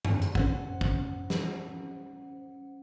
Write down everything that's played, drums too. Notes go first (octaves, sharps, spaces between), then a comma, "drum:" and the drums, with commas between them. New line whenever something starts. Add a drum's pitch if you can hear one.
drum: tom F#2
drum: hi-hat
C#4 C5 F#5, drum: kick
drum: kick
drum: snare